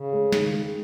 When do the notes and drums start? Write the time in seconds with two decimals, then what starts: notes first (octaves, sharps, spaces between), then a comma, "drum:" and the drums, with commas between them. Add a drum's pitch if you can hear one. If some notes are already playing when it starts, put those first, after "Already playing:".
Already playing: C#3
0.13 G#3
0.32 D#3, drum: snare
0.53 G#3